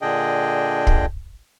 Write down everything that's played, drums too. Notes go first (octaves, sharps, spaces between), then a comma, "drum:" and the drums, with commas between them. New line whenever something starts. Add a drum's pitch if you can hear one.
A#2 D3 D4 G#4 D#5 G5
drum: kick